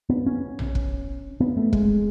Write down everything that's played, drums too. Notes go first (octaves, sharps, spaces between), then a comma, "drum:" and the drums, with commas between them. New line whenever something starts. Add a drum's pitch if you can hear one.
B3
C#4
drum: tom A#1
drum: kick
B3
A3
G#3, drum: kick